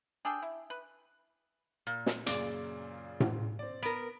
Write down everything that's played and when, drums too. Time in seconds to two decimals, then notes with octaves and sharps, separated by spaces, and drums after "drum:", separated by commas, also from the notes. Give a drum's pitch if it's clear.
0.25 D4 G#4 A4 G5
0.42 E4
0.70 B4
1.87 A#2
2.06 drum: snare
2.26 F#2 A#2 C#3 D5, drum: hi-hat
3.20 drum: tom A2
3.59 C4 D5
3.82 B3 A#4 B6 D7